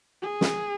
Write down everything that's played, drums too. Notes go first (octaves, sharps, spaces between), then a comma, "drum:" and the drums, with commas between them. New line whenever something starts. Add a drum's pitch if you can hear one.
G#4
drum: snare